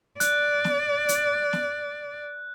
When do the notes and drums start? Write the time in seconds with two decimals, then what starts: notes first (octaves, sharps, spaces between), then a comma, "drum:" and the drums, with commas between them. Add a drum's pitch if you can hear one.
0.20 D5 F#6, drum: hi-hat
0.64 drum: snare
1.09 drum: hi-hat
1.53 drum: snare